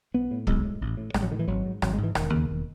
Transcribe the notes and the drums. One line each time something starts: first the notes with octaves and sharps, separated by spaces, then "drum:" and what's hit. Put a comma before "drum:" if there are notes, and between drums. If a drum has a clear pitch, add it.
B1 B3
A2
B1 G#3, drum: kick
A2
A1
A2
A1 G#3, drum: rim click
F#3
A2 D#3
E3
G#1 F#3
G#2
G#1 F#3, drum: rim click
G#3
G#2
E3
E1 D#3, drum: rim click
D#2 C#3
E1